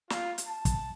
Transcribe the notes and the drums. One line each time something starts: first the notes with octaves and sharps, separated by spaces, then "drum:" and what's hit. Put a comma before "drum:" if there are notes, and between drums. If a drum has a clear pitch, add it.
F4, drum: snare
drum: hi-hat
A5
drum: kick, hi-hat